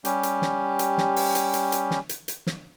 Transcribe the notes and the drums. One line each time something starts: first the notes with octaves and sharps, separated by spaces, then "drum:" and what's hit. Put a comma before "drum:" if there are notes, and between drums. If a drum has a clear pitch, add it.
G3 C#4 G4, drum: hi-hat
drum: hi-hat
drum: snare
drum: hi-hat
drum: snare
drum: open hi-hat
drum: hi-hat
drum: hi-hat
drum: hi-hat
drum: snare
drum: hi-hat
drum: hi-hat
drum: snare